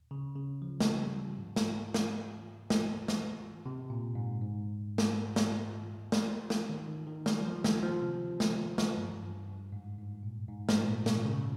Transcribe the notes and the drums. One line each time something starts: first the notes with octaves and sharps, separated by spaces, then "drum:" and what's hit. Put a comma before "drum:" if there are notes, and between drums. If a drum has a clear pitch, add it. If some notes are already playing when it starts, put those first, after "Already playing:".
C#3
C#3
F3
drum: snare
G3
G#2
drum: snare
drum: snare
drum: snare
drum: snare
C3
A#2
G#2
G#2
drum: snare
drum: snare
drum: snare
drum: snare
D#3
D#3
D#3
G3, drum: snare
F3
D#3, drum: snare
F3
C3
drum: snare
drum: snare
G2
G2
G2
G#2
G#2
A#2
G#2
G#2, drum: snare
A#2
C3, drum: snare
C#3